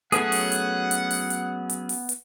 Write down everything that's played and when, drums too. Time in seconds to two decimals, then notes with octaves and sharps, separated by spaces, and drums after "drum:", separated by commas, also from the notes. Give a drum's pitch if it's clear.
0.12 F#3 A3 B3 C#4 G#4 A4 F#5 D#6, drum: hi-hat
0.32 drum: open hi-hat
0.52 drum: hi-hat
0.91 drum: hi-hat
1.11 drum: open hi-hat
1.30 drum: hi-hat
1.70 drum: hi-hat
1.89 drum: open hi-hat
2.09 drum: hi-hat